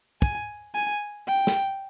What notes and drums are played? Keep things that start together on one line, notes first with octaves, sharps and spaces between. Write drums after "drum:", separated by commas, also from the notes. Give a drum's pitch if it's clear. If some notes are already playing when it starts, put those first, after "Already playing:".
G#5, drum: kick
G#5
G5
drum: snare